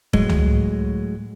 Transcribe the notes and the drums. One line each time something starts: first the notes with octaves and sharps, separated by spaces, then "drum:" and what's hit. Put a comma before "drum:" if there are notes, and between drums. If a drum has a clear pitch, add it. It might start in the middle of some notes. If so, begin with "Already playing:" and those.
A2 F#3 G#3, drum: kick F1
drum: tom C#2